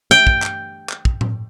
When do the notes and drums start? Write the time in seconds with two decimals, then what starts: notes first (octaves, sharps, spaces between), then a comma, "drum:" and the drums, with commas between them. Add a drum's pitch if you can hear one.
0.11 G5
0.27 drum: kick
0.42 drum: clap
0.90 drum: clap
1.05 drum: kick
1.21 drum: tom A2